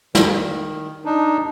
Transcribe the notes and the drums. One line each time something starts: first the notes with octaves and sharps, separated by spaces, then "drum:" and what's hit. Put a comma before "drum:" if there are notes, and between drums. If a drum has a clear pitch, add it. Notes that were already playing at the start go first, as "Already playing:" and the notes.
D#3, drum: snare
D4 D#4